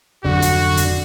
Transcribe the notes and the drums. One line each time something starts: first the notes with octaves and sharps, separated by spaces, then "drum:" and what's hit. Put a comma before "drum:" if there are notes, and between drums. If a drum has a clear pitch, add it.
G#1 F2 D3 F#3 F#4
drum: hi-hat
drum: hi-hat